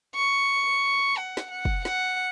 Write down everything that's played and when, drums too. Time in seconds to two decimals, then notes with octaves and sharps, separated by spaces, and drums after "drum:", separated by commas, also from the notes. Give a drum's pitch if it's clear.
0.15 C#6
1.17 F#5
1.37 drum: snare
1.51 F#5
1.65 drum: kick
1.85 F#5, drum: snare